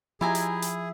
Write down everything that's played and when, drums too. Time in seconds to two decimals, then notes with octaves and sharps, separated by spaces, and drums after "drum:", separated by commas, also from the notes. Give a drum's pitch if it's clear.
0.21 F3 E4 G4 G#4 G#5 A#5
0.35 drum: hi-hat
0.62 drum: hi-hat